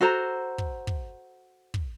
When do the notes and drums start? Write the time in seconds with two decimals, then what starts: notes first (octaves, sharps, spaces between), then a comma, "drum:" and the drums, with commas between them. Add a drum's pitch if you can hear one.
0.01 F#4 A4 C5 A#5
0.58 drum: kick
0.87 drum: kick
1.74 drum: kick